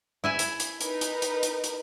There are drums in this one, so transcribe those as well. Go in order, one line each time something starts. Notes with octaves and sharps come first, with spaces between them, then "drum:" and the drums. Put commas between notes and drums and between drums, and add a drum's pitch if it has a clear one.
E4 E5 G#5
drum: hi-hat
drum: hi-hat
D#4 A#4 B4, drum: hi-hat
drum: hi-hat
drum: hi-hat
drum: hi-hat
drum: hi-hat